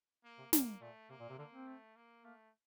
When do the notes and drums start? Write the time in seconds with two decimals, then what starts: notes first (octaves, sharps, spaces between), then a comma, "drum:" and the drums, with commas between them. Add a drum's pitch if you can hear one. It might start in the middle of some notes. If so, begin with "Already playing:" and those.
0.24 A#3
0.38 C3
0.53 A#2 A#3, drum: snare
0.81 A#2 A3
1.10 C3 A#3
1.19 A#2
1.29 C3
1.38 D3 A#3
1.53 C4
1.67 A3
1.96 A#3
2.24 A3 A#3